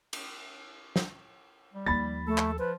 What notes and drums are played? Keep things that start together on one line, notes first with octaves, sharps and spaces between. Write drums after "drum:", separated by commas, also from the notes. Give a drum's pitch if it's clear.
drum: cymbal
drum: snare
G3
D#2 F3 B5 A6
A3 A4
drum: clap
F3 B4